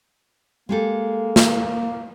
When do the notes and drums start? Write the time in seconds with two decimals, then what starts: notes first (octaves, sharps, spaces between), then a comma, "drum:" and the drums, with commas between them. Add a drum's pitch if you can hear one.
0.69 G#3 A#3 G4 A4
1.36 A#3, drum: snare